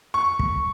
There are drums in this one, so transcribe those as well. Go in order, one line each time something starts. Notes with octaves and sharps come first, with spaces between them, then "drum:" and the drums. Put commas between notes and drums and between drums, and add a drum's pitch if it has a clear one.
C#6
drum: kick